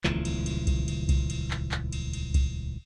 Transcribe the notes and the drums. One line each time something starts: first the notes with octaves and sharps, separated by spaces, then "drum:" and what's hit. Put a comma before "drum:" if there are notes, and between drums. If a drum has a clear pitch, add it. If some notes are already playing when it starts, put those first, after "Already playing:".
D#1 C#2 E3 F3, drum: clap
drum: cymbal
drum: cymbal
drum: kick C2, cymbal
drum: cymbal
drum: kick C2, cymbal
drum: cymbal
drum: clap
drum: clap
drum: cymbal
drum: cymbal
drum: kick C2, cymbal